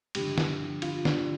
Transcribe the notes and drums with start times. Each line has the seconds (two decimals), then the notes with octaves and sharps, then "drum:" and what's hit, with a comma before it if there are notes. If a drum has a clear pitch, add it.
0.15 G2 D3 F3 G4, drum: cymbal
0.38 drum: snare
0.82 F4, drum: cymbal
1.05 D4, drum: snare